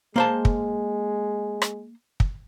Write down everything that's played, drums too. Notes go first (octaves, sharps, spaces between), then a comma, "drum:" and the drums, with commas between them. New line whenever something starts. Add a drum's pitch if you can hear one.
G#3 A#3 C5 A5
drum: kick
drum: rim click
drum: kick